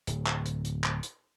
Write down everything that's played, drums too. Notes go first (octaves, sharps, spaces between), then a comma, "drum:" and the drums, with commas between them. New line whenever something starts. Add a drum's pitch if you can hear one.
D1, drum: hi-hat
drum: clap
drum: hi-hat
drum: hi-hat
drum: clap
drum: hi-hat